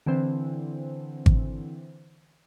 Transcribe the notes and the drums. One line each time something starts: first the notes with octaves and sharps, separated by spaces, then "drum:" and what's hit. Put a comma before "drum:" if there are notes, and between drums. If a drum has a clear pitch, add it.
D3 E3 C4
drum: kick G#1